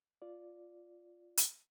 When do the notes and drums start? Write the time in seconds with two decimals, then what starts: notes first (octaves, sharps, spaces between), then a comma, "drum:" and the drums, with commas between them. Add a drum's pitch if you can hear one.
0.22 F4 D5
1.37 drum: hi-hat